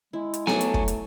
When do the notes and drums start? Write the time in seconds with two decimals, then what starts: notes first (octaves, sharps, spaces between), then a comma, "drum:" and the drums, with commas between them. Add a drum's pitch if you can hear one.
0.13 G#3 E4
0.34 drum: hi-hat
0.47 F#3 A3 F#4 A4 G#5 D6, drum: snare B3
0.61 drum: hi-hat
0.74 drum: kick
0.88 drum: hi-hat